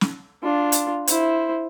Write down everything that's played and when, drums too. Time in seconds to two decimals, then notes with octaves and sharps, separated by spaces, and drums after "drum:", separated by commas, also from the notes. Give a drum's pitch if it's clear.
0.01 drum: snare
0.43 D4 F4
0.72 drum: hi-hat
1.07 E4 C5, drum: hi-hat